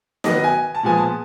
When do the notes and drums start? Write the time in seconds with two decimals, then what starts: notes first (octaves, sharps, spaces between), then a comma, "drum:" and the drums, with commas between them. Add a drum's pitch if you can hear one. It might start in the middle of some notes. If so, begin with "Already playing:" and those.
0.24 D#3 F#3 B3 D#5, drum: snare
0.44 G#5
0.74 A5
0.83 A#2 F3 G#3 B3 G#5
0.97 A5